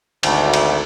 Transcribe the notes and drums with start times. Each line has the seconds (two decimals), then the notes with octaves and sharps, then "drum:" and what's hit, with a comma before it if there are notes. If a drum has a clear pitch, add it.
0.23 G#1 D2, drum: cymbal
0.54 drum: cymbal